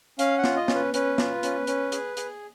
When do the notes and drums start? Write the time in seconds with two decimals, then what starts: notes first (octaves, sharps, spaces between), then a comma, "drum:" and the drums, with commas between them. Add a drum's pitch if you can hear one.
0.19 C#4 F5, drum: hi-hat
0.38 F#5
0.44 F4, drum: snare
0.56 D#5
0.68 C#4, drum: snare
0.74 B4
0.94 C#4 B4, drum: hi-hat
1.18 F4, drum: snare
1.43 C#4, drum: hi-hat
1.67 C#4, drum: hi-hat
1.92 G#4, drum: hi-hat
2.17 G#4, drum: hi-hat